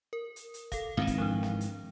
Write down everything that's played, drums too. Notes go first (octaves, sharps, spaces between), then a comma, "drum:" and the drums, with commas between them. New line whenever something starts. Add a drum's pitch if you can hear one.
A#4
drum: hi-hat
drum: hi-hat
A4 F5, drum: kick F#1, hi-hat
G#2 D#3 E3 C4 F5
drum: kick F#1, hi-hat
F3 D4
drum: snare
drum: hi-hat